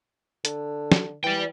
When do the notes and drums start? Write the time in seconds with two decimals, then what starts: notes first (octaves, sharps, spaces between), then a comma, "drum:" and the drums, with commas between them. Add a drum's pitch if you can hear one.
0.45 D3, drum: hi-hat
0.92 drum: snare
1.24 E3 D5 G5